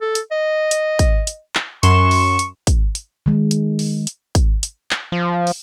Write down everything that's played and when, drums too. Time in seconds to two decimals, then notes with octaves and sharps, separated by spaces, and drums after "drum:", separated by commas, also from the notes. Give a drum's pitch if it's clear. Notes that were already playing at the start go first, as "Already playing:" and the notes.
0.01 A4
0.15 drum: hi-hat
0.31 D#5
0.71 drum: hi-hat
0.99 drum: kick, hi-hat
1.27 drum: hi-hat
1.55 drum: clap
1.83 F#2 C6 C#6 E7, drum: hi-hat
2.11 drum: open hi-hat
2.39 drum: hi-hat
2.67 drum: kick, hi-hat
2.95 drum: hi-hat
3.26 D#3 G#3
3.51 drum: hi-hat
3.79 drum: open hi-hat
4.07 drum: hi-hat
4.35 drum: kick, hi-hat
4.63 drum: hi-hat
4.91 drum: clap
5.12 F3
5.47 drum: open hi-hat